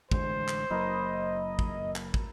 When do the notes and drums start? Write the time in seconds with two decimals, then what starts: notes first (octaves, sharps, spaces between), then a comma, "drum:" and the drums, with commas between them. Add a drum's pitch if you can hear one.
0.12 A1 D3 G#3 C5, drum: kick
0.48 drum: clap
0.70 F#1 F#3 A#3 E4 A#4 B4 D#5
1.59 drum: kick
1.96 drum: clap
2.14 drum: kick